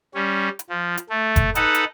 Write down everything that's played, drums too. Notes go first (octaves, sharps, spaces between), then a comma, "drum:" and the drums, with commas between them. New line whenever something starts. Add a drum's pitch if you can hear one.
G3 C#4
drum: hi-hat
F3
drum: hi-hat
A3
drum: kick F#1, hi-hat
D#4 A4 B4 F#5, drum: hi-hat
drum: hi-hat